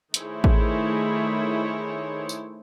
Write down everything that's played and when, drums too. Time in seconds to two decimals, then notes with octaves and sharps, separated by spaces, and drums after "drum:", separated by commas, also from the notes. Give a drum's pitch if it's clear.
0.14 D#3 A3 E4 G#4 C5 C#5, drum: hi-hat
0.44 drum: kick A1
2.29 drum: tambourine